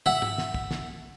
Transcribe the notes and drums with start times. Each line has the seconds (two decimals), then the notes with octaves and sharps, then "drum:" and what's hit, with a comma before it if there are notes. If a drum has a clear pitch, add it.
0.06 E5 F#5, drum: tom
0.22 drum: tom
0.38 drum: snare
0.54 drum: kick
0.71 drum: snare